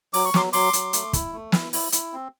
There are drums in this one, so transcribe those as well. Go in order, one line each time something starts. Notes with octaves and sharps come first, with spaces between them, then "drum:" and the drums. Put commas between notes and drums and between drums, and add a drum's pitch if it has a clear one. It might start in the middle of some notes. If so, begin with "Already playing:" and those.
F#3 D6, drum: open hi-hat
C#6
F#3 C6 D6, drum: snare
F#3 C6 D6, drum: open hi-hat
F#3, drum: hi-hat
A3, drum: hi-hat
E4, drum: kick, hi-hat
A3
E4, drum: snare
E4, drum: open hi-hat
E4, drum: hi-hat
C4